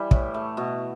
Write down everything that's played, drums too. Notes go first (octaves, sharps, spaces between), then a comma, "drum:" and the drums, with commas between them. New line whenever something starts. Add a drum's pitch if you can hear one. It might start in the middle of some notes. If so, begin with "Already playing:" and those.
Already playing: E3 G3
A2, drum: kick
A3
B2